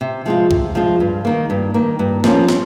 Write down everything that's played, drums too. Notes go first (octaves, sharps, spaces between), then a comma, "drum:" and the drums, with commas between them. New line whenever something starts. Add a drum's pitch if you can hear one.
C3
F3 G#3 C4 F4
C3, drum: kick
F3 G#3 C4 F4
G2
D#3 A#3
G2
D#3 A#3
G2
F3 A#3 C#4, drum: snare
drum: snare